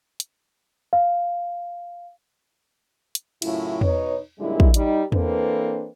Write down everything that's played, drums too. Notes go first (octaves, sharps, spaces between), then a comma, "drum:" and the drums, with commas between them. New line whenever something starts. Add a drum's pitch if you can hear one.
drum: hi-hat
F5
drum: hi-hat
F#2 A2 C#3 F#3 E4 F4, drum: cymbal
B2 D#4 B4 C#5, drum: tom E2
F#2 A#2 D3 G3 G#3 E4
drum: kick
G3 D#4, drum: hi-hat
E3 A#3 C4 D4 A4 B4, drum: tom E2